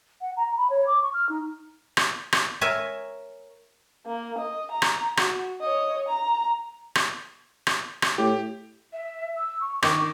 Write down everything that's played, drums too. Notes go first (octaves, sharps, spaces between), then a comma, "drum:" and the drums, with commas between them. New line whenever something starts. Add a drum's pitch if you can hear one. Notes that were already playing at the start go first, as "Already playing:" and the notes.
F#5
A#5
B5
C#5
D6
C#6
F6
D#4
drum: rim click
drum: rim click
A#4 C#5 E5 G#5
A#3
D#5
A#5
drum: rim click
F#4, drum: rim click
C#5 D#5
A#5
drum: rim click
drum: rim click
drum: rim click
A2 G4
E5
E6
C#6
D#3 C#6 D6, drum: rim click